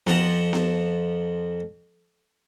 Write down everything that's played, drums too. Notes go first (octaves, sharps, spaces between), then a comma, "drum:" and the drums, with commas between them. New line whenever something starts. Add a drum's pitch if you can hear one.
F2 F3 F#5 A5 A#5, drum: snare B3
drum: snare B3